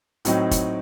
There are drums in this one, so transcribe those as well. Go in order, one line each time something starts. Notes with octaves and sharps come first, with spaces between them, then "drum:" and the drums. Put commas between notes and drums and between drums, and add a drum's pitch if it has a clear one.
A2 F#3 C4 D#4, drum: hi-hat
drum: kick, hi-hat